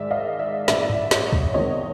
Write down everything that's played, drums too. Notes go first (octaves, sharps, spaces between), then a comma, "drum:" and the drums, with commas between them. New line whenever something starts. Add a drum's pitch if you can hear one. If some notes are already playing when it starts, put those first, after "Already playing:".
Already playing: G#2 D#3 G#3 D5 E5
D#5 F5
D5 E5
A1 G2 E3 D5 E5, drum: snare
drum: tom G2
C#5 D#5, drum: snare
drum: kick
F#1 E2 C3 D#3 G#3 C#5 D#5